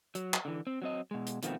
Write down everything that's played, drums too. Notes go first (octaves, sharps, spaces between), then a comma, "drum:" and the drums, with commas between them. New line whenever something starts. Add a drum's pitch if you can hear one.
F#3, drum: hi-hat
drum: clap
D3 E3
C4
F#3 C4 D#5
B2 G#3
drum: hi-hat
B2 D#3 F3 A3 B3 C4, drum: hi-hat